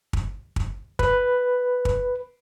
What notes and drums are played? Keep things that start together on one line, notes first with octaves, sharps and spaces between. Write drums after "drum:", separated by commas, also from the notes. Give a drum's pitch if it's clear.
drum: kick
drum: kick
B4, drum: kick
drum: kick